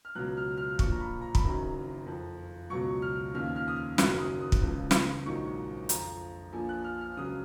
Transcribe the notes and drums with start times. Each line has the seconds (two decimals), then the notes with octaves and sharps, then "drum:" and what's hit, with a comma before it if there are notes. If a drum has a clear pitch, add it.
0.05 F6
0.15 C#2 B2 F#3 F#6
0.37 F6
0.58 F6
0.79 A#1 A#2 F3 C#6, drum: kick
0.92 A#5
1.01 B5
1.21 A#5
1.35 B5, drum: kick
1.43 F#1 F#2 D#3 F#3 A#5
2.06 F2 F3
2.70 C#2 B2 F#3 C#6
3.02 F6
3.34 D#2 C#3 F3 F6
3.56 F6
3.68 D#6
3.76 F6
3.98 F#1 F#2 D#3 F#3 F#6, drum: snare
4.19 D#6
4.41 D#6
4.52 drum: kick
4.62 C#2 C#3 F3
4.91 drum: snare
5.26 A#1 G#2 D#3 F#3 C#6
5.89 F2 F3 A#5, drum: hi-hat
6.52 A#1 A#2 F3 G#5
6.69 F#6
6.84 F6
7.01 F6
7.17 C#2 C#3 F#3 D#6